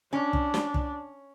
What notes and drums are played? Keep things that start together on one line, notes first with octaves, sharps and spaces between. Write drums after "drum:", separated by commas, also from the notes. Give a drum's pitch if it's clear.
C#4 D4
drum: kick
drum: snare
drum: kick